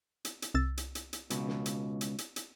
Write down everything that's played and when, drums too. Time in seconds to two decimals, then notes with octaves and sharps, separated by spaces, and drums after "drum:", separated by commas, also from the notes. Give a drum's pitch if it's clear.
0.25 drum: hi-hat
0.42 drum: hi-hat
0.55 C2 E6 A6
0.77 drum: hi-hat
0.95 drum: hi-hat
1.13 drum: hi-hat
1.30 C#2 B2, drum: hi-hat
1.48 drum: snare
1.66 drum: hi-hat
2.01 drum: hi-hat
2.18 drum: hi-hat
2.36 drum: hi-hat